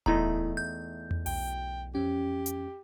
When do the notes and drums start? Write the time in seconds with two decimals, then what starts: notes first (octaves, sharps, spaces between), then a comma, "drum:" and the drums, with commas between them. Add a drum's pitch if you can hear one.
0.06 E2 A3 D#4 E4 A#5, drum: kick D1
0.57 G6
1.11 drum: tom E2
1.26 B1 G5, drum: open hi-hat
1.95 F2 C#4 G4
2.46 drum: hi-hat